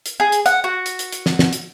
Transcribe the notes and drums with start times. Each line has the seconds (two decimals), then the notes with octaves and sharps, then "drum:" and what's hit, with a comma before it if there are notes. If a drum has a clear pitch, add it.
0.06 drum: hi-hat
0.20 G#4
0.32 drum: hi-hat
0.46 F#5, drum: hi-hat
0.64 F#4
0.86 drum: hi-hat
0.99 drum: hi-hat
1.13 drum: hi-hat
1.26 drum: snare
1.39 drum: snare
1.53 drum: hi-hat